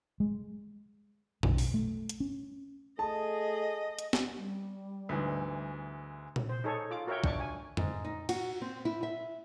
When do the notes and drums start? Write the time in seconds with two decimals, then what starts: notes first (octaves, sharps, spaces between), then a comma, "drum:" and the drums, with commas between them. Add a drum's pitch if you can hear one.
0.20 G#3
1.43 B1, drum: tom F2
1.58 drum: open hi-hat
1.74 A3
2.09 drum: hi-hat
2.20 C#4
2.99 A3 G#4 D#5 A5
3.99 drum: hi-hat
4.13 drum: snare
4.37 G3
5.09 D2 G#2 E3
6.36 drum: tom A#2
6.49 C5
6.64 D#4 G#4 A4 C#5
6.91 F4 D6
7.07 F#4 A#4 C#5 E5 G5
7.24 D4 C#6 D6, drum: kick
7.40 G#5
7.77 G#2, drum: tom F2
8.04 D#4
8.29 F#4, drum: cymbal
8.62 C4
8.85 E4
9.03 E5